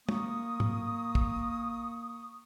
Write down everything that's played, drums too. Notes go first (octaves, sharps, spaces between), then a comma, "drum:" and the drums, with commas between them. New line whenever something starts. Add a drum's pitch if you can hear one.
A#3 C#6 D#6, drum: tom
drum: tom
drum: kick